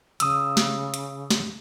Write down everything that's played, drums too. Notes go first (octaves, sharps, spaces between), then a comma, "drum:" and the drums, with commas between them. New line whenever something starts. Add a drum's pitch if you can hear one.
C#3 D#6 E6, drum: hi-hat
drum: snare
drum: hi-hat
drum: snare